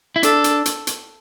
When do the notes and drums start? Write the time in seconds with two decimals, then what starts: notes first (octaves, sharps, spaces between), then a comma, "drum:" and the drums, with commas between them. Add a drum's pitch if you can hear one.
0.16 E4
0.23 D4 A4, drum: hi-hat
0.44 drum: hi-hat
0.65 drum: hi-hat
0.87 drum: hi-hat